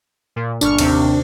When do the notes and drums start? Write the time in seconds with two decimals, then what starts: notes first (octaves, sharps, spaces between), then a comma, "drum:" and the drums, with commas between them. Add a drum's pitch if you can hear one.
0.36 A#2
0.61 G1 D4 C#6 F6, drum: tambourine
0.78 D#2 C3, drum: cymbal